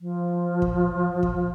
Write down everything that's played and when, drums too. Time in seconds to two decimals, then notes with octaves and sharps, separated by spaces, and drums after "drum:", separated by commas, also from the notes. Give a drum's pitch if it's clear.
0.01 F3
0.62 drum: kick
1.23 drum: kick